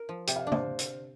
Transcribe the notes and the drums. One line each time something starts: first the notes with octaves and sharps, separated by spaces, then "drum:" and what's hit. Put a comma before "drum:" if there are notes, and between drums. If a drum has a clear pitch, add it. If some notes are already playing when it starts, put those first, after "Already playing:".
Already playing: A#4
F3
C3 G5, drum: hi-hat
F5
D4 D5
C5 F5, drum: tom
drum: hi-hat